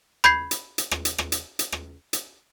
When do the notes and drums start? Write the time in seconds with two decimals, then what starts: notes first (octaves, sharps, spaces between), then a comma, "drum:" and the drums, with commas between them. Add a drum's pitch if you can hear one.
0.24 B5 G6 G#6 C7, drum: rim click
0.51 drum: hi-hat
0.78 drum: hi-hat
0.91 drum: rim click
1.05 drum: hi-hat
1.18 drum: rim click
1.32 drum: hi-hat
1.59 drum: hi-hat
1.72 drum: rim click
2.13 drum: hi-hat